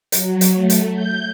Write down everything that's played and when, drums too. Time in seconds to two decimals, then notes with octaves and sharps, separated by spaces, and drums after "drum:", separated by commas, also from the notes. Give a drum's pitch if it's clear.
0.12 F#3, drum: hi-hat
0.41 drum: hi-hat
0.55 A3
0.70 drum: hi-hat
0.92 G6